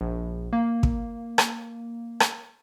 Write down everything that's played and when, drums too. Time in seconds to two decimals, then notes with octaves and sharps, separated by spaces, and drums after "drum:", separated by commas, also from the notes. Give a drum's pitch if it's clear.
0.01 A#1
0.53 A#3
0.83 drum: kick
1.38 drum: rim click
2.20 drum: rim click